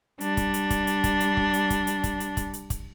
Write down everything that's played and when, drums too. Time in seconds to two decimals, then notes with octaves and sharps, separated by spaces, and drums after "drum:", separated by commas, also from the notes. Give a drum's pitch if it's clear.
0.20 G3 D4, drum: hi-hat
0.37 drum: kick, hi-hat
0.54 drum: hi-hat
0.70 drum: kick, hi-hat
0.87 drum: hi-hat
1.04 drum: kick, hi-hat
1.20 drum: hi-hat
1.37 drum: kick
1.54 drum: hi-hat
1.70 drum: kick, hi-hat
1.87 drum: hi-hat
2.04 drum: kick, hi-hat
2.20 drum: hi-hat
2.37 drum: kick, hi-hat
2.53 drum: hi-hat
2.70 drum: kick, hi-hat